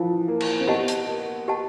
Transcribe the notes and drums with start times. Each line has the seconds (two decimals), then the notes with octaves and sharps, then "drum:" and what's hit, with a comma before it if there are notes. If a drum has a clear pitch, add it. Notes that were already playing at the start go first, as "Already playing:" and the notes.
Already playing: E3 F3 C#4 F4 A#4
0.28 A#3
0.41 drum: cymbal
0.61 C4
0.67 B3 G4 B4 D#5 F#5 A5
0.88 drum: hi-hat
1.07 A#3
1.48 G4 B4 D#5 F#5 A5